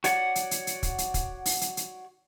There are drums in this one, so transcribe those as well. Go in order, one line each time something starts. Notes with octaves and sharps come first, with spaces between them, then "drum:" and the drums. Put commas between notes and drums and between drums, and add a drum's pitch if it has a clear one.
F#4 C#5 D5 F#5, drum: hi-hat
drum: hi-hat
drum: hi-hat
drum: hi-hat
drum: kick, hi-hat
drum: hi-hat
drum: kick, hi-hat
drum: open hi-hat
drum: hi-hat
drum: hi-hat